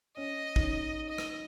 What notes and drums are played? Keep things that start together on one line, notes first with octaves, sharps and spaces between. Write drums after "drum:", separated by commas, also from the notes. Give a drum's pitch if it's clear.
C#4 D#5
D#4, drum: kick
C#4
D#5
drum: rim click